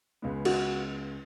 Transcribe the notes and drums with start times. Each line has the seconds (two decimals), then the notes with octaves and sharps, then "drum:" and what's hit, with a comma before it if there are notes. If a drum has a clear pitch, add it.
0.22 C#2 C#3 G#3 B3
0.45 F#4, drum: cymbal